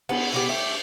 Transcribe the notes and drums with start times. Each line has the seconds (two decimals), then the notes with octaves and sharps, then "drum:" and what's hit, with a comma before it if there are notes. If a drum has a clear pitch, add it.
0.09 B3, drum: cymbal
0.32 B2 B3 G4
0.49 A3 G4